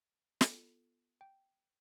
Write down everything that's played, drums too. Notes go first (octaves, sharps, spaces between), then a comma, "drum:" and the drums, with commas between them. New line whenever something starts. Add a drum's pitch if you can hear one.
B3 F4 A4, drum: snare
G5